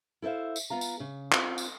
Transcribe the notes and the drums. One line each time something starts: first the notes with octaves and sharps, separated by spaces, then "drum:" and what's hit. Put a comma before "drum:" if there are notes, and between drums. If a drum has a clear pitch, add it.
E4 A4 C5 E5 F5
drum: tambourine
B3 F4 F5 A#5
drum: tambourine
C#3
C4 F4 C5, drum: clap
drum: tambourine